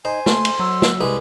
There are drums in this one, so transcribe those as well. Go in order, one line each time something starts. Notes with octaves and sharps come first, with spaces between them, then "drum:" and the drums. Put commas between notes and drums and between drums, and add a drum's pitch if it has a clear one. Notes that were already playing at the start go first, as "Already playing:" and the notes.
D#4 C5 G#5
A3 C6, drum: snare
drum: cymbal
F#3 E6
drum: snare
C2 G#3 B4